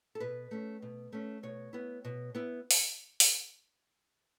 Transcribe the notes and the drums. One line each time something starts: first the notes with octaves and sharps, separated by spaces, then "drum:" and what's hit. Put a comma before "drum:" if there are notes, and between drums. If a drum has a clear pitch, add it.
A4
B2 B4
A3 C#4
B2
A3 C#4
B2 C#5
B3 E4
B2
B3 E4
drum: open hi-hat
drum: open hi-hat